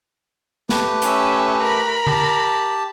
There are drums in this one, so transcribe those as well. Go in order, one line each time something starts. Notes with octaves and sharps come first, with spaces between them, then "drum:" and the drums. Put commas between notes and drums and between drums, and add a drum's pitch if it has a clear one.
A3 G4 B4, drum: snare
C#4 E5, drum: hi-hat
A#4 B5
G4 A5, drum: tom D3